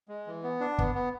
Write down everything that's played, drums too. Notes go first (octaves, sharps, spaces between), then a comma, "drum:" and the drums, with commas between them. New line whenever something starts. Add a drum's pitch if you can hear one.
G#3
E3
B3
D4
B3, drum: kick
B3